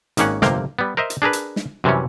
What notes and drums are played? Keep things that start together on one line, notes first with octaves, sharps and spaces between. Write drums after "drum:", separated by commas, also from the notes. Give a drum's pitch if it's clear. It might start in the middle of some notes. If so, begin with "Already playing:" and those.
G#1 D#3 A#3 C#4 F#5, drum: hi-hat
G1 F2 C3 A#3 F5 G5, drum: snare
G3 B3
A#4 C5 D#5 E5
drum: hi-hat
D4 G#4 A#4 B4
drum: hi-hat
drum: snare
F#2 C3 E3 G3 C#4